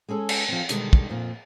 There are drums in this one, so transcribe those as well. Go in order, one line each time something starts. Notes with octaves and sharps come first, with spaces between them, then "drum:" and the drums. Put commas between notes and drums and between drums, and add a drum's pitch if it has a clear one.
G#3 C#4 G#4 A4
drum: cymbal
F3 C4
B2 D3 D#3 G3 G#3, drum: hi-hat
drum: kick
F2 A#2